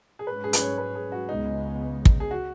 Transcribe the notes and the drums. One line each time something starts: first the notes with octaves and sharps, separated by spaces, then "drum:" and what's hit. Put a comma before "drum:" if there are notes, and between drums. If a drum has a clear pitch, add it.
G#4
G#2 G#3 C#4 B4
G#4
B4, drum: hi-hat
C#5
B4
G#4
F#4
C#2 C#3 G#3 B3 D#4
drum: kick
G#4
F#4